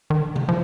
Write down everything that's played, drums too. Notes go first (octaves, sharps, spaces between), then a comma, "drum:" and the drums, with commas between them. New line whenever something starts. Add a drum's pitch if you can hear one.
D#3
D3
drum: tom C3
F3